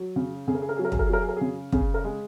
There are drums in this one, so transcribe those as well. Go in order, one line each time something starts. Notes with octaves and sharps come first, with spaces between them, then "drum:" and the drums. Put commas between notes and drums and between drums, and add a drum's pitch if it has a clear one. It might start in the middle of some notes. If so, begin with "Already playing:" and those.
Already playing: F#3
C#3
C#3 G#4
A#4
G#4
A#4
G#4
F#3
A#4
G#4, drum: kick
A#4
G#4
F#3 A#4
G#4
A#4
C#3 G#4
C#3 G#4, drum: kick
A#4
G#3